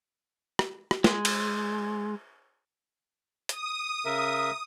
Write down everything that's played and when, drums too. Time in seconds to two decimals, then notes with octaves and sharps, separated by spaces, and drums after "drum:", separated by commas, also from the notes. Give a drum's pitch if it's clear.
0.59 drum: rim click
0.91 drum: rim click
1.04 G#3, drum: snare
1.25 drum: cymbal
3.49 D#6, drum: hi-hat
4.05 C#3 A#4 E5